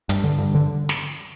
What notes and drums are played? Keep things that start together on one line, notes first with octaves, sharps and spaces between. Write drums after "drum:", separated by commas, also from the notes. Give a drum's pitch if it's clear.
G2, drum: hi-hat
D3
G2
D3
drum: snare